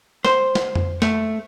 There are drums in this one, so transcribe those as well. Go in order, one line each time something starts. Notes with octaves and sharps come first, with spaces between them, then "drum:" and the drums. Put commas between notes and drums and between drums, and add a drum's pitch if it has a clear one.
C5, drum: snare
drum: snare
drum: tom F2
A3, drum: snare